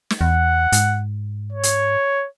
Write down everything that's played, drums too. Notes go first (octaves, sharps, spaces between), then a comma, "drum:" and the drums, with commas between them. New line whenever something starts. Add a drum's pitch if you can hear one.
drum: snare
E2 F#5
G#2, drum: hi-hat
C#5
drum: hi-hat